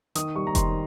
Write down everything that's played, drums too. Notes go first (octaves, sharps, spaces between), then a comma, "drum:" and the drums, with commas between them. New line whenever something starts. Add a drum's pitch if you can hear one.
D#3 D#6, drum: hi-hat
G3 C#6
A#5
D#3 C6, drum: kick F1, hi-hat